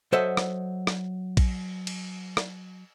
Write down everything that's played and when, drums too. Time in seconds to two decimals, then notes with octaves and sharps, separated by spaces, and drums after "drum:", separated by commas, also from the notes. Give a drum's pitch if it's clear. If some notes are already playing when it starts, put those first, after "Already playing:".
0.12 F#3 A4 C5 D#5 E5 F#5
0.37 drum: rim click
0.87 drum: rim click
1.37 drum: kick A#1, cymbal
1.87 drum: cymbal
2.37 drum: rim click